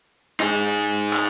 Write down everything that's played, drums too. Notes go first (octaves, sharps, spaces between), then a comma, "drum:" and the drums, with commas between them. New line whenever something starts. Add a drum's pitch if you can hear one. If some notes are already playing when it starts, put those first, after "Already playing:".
D#4 G#4, drum: clap
drum: clap